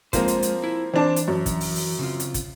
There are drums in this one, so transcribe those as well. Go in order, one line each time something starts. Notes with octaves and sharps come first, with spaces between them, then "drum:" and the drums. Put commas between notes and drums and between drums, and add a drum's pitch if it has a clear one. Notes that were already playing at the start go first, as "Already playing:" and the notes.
F3 G#3 A#3 C4 C5, drum: kick, hi-hat
drum: hi-hat
drum: hi-hat
E4
E3 C4 D4 A5
drum: hi-hat
F#2
drum: kick, hi-hat
drum: open hi-hat
drum: open hi-hat
C#3 C4 F4
drum: hi-hat
drum: kick, hi-hat